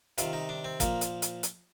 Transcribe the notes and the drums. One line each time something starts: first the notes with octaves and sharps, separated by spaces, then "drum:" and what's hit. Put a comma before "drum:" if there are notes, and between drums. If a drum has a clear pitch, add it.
C3 D#3 F4, drum: hi-hat
D#4
D4
C4
A#2 F3 A#3, drum: kick, hi-hat
drum: hi-hat
drum: hi-hat
drum: hi-hat